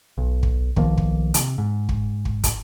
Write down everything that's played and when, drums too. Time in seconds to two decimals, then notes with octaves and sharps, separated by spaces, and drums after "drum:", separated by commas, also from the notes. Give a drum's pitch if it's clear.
0.18 B1
0.43 drum: kick
0.76 B1 D#3 F3 A#3, drum: kick
0.98 drum: kick
1.34 C3, drum: hi-hat
1.58 G#2
1.89 drum: kick
2.25 drum: kick
2.44 drum: kick, hi-hat